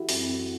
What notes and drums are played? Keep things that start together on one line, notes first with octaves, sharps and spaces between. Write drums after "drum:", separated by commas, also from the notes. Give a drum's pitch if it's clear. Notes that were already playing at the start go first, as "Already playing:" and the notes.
Already playing: E3 E4 F#4 G4 A4
F#2 C4, drum: open hi-hat
C4